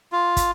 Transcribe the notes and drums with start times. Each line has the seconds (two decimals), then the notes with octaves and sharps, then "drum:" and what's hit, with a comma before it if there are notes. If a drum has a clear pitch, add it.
0.12 F4
0.37 drum: kick, hi-hat